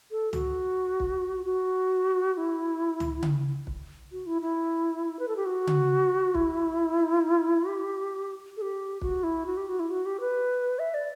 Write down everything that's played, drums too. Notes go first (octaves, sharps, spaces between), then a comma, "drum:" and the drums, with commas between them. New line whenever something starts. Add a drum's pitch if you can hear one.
A4
F#4, drum: tom
drum: kick
F#4
F#4
E4
drum: tom
drum: tom C#3
drum: kick
F#4
E4
E4
B4
A4
G4
F#4
drum: tom C#3
E4, drum: kick
G4
A4
G4
F#4, drum: kick
E4
F#4
G4
F#4
E4
F#4
G4
B4
E5
D5